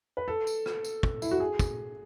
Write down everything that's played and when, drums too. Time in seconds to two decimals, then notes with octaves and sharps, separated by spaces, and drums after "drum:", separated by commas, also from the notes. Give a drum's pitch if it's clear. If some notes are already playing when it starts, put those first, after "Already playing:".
0.17 B4
0.28 A4
0.47 drum: tambourine
0.66 drum: rim click
0.85 drum: tambourine
1.03 drum: kick
1.22 E4, drum: tambourine
1.31 F#4
1.40 G#4
1.59 drum: kick, tambourine